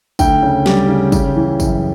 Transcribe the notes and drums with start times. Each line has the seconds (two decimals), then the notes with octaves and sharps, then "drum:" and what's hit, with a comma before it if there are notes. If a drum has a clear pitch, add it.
0.19 D2 G5, drum: kick, tambourine
0.42 C#3
0.66 G3, drum: snare
0.89 C#3
1.12 C#3, drum: kick, tambourine
1.36 E3
1.60 F#2, drum: kick, tambourine